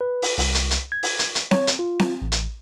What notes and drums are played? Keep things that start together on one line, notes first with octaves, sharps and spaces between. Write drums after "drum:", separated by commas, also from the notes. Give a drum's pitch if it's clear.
B4
drum: open hi-hat
C2, drum: open hi-hat
drum: hi-hat
drum: hi-hat
G#6
drum: open hi-hat
drum: hi-hat
drum: hi-hat
C#5, drum: snare C4
drum: hi-hat
F4
drum: snare C4
A1
drum: hi-hat